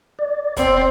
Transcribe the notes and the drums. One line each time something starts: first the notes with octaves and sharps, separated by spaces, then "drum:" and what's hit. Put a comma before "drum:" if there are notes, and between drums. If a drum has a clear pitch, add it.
D5
C4, drum: kick, hi-hat